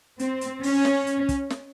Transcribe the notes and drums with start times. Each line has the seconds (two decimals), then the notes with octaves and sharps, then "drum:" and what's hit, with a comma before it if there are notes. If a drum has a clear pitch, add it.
0.19 C4, drum: hi-hat
0.41 drum: hi-hat
0.63 C#4, drum: open hi-hat
0.85 drum: snare
1.07 drum: hi-hat
1.29 drum: kick, hi-hat
1.50 drum: snare